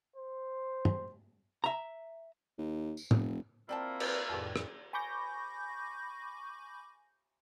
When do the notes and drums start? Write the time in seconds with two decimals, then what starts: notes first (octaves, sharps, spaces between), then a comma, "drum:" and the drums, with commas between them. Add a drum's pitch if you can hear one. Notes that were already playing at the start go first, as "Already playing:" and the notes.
0.16 C5
0.85 drum: tom
1.64 E5 A#5
2.58 D#2
2.97 drum: tambourine
3.11 F1, drum: tom
3.69 A#3 C4 E4 F4 D5 G5 A5
4.00 drum: cymbal
4.29 G#1 F2 A2 G4
4.56 drum: rim click
4.93 G#5 B5 C#6 D6 G6 A#6